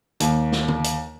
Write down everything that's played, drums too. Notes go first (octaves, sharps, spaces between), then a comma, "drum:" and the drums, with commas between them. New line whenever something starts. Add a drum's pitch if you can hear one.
D#2, drum: hi-hat
drum: snare
drum: tom D3
drum: hi-hat